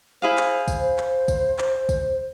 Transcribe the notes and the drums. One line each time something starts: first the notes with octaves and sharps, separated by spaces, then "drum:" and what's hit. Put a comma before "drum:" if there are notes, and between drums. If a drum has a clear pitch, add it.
E4 G#4 C5 F5
drum: clap
drum: kick, tambourine
drum: clap
drum: kick, tambourine
drum: clap
drum: kick, tambourine